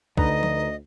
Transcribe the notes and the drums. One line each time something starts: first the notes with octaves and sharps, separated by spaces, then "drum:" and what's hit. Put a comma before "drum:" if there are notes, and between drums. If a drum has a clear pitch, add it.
D2 D3 D#4 B4 D#5 A#5, drum: kick
drum: tom